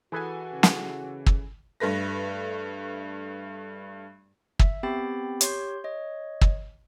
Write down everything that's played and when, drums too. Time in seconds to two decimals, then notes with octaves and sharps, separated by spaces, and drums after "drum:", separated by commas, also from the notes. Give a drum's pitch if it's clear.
0.12 E3 F#4 G#4 A4 B4 G#5
0.53 C#3
0.63 drum: snare
1.26 drum: kick
1.80 G2 A3 B4 A#6
4.59 E5, drum: kick
4.83 B3 C4 G4 G5 B5 A6
5.41 G4 C#5 C6 G6, drum: hi-hat
5.84 C#5 D#5
6.41 drum: kick